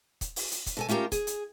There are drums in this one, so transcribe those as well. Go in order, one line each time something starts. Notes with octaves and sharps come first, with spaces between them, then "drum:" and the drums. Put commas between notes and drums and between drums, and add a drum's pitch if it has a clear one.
drum: kick, hi-hat
drum: open hi-hat
drum: hi-hat
drum: kick, hi-hat
B2 A4 G#5
A3 C#4 F4 G4 A#4
G#4, drum: kick, hi-hat
drum: hi-hat